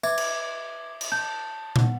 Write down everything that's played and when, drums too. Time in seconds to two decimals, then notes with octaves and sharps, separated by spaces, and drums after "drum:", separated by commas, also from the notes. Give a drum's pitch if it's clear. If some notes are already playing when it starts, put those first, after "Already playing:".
0.03 B4 E5 D6 G#6, drum: tambourine
0.18 drum: cymbal
1.01 drum: cymbal
1.12 A5 G6
1.76 B3, drum: tom A#2